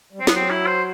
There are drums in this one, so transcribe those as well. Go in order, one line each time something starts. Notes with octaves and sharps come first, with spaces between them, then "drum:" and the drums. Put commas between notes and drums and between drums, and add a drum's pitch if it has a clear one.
G3
F#3 C4
B3, drum: snare
C4
E4
C5